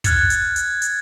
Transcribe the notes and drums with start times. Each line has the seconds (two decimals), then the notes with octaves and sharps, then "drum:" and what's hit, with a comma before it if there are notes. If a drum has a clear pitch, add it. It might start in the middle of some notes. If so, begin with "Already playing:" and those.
0.04 F6 F#6 G#6 A6 C#7, drum: kick, hi-hat
0.30 drum: hi-hat
0.56 drum: hi-hat
0.82 drum: hi-hat